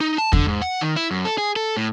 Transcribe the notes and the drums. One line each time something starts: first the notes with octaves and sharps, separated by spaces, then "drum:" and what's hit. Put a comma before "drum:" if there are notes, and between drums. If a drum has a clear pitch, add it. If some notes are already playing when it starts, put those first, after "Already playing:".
D#4
A5
D3, drum: kick E2
G#2
F#5
D#3
E4
F#2
A4
G#4
A4
A2